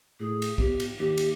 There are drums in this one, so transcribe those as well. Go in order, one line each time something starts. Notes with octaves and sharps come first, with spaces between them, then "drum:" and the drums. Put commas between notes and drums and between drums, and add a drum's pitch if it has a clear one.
A2 G#4
drum: cymbal
B3 G4, drum: kick
drum: cymbal
D#2 G4
drum: cymbal